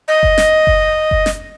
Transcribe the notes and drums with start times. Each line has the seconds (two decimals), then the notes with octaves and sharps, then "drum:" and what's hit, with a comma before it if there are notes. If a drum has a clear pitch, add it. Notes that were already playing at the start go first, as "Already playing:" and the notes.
0.08 D#5
0.23 drum: kick F#1
0.38 drum: snare
0.67 drum: kick F#1
1.11 drum: kick F#1
1.26 drum: snare